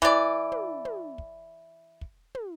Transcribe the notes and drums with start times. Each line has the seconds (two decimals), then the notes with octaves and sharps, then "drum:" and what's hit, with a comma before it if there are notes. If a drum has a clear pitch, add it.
0.02 E3 D5, drum: kick
0.52 drum: tom
0.85 drum: tom
1.18 drum: kick
2.01 drum: kick
2.35 drum: tom